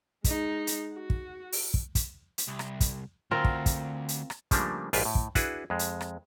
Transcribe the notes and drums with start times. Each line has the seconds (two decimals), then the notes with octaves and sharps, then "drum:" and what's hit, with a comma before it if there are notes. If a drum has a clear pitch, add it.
0.24 G#3 D#4, drum: kick, hi-hat
0.67 drum: hi-hat
0.94 F#4
1.10 drum: kick
1.52 drum: open hi-hat
1.74 drum: kick
1.95 drum: kick, hi-hat
2.38 drum: hi-hat
2.47 C2
2.59 drum: rim click
2.80 drum: kick, hi-hat
3.31 D2 C4 F4 A#4
3.44 drum: kick
3.66 drum: kick, hi-hat
4.09 drum: hi-hat
4.30 drum: rim click
4.51 C#3 F3 G3 A3 A#3 D4, drum: kick, hi-hat
4.93 A#1 G#2 F4 G4 B4 G#5, drum: open hi-hat
5.05 A2
5.15 drum: kick
5.35 D4 E4 F#4 G#4 B4, drum: kick, hi-hat
5.70 F2 G#3
5.79 drum: hi-hat
6.01 drum: rim click